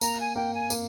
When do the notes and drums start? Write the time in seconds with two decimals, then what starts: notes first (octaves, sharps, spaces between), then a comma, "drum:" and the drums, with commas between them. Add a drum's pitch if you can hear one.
0.01 A#3 A#5, drum: tambourine
0.20 G#5
0.36 A#3 G5
0.54 G#5
0.70 A#3, drum: tambourine